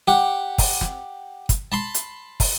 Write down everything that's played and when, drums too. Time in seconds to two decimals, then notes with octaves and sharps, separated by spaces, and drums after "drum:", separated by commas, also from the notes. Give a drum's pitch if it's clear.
0.08 G4 F#5
0.58 drum: kick, open hi-hat
0.81 drum: snare
1.49 drum: kick, hi-hat
1.72 A5 B5 C6
1.94 drum: hi-hat
2.40 drum: kick, open hi-hat